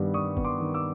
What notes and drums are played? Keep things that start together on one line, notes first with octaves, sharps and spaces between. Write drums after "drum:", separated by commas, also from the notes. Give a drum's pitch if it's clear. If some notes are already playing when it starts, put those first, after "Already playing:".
Already playing: G2 D#3 G3 B3
G3 C#6 D#6
B3, drum: kick
C6 D6
D#3
D6 E6